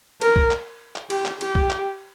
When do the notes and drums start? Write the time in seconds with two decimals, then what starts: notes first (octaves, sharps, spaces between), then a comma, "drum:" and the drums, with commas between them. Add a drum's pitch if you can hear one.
0.21 A#4, drum: cymbal
0.36 drum: kick
0.51 drum: clap
0.96 drum: clap
1.10 G4, drum: cymbal
1.25 drum: clap
1.41 G4, drum: cymbal
1.55 drum: kick
1.70 drum: clap